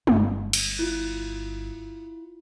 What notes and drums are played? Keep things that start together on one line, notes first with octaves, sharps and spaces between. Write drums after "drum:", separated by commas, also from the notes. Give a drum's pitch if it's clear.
G1, drum: tom
drum: cymbal
E4 F4